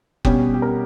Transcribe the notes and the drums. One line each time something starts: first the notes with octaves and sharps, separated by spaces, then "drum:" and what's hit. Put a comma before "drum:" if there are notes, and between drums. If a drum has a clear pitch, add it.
B2 G3 C#4 G4, drum: kick F#1
G4
A#4